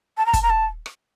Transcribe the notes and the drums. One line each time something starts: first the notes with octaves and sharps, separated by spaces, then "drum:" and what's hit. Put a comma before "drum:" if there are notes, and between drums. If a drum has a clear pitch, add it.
A5
A#5
A5, drum: kick, hi-hat
A#5
A5
drum: rim click